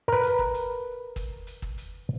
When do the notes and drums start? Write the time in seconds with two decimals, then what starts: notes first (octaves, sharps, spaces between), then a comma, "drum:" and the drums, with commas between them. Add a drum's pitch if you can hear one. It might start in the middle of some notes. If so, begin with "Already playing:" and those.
0.08 A#4 B4
0.23 drum: hi-hat
0.39 drum: kick
0.54 drum: hi-hat
1.16 drum: kick, hi-hat
1.47 drum: hi-hat
1.62 drum: kick
1.78 drum: hi-hat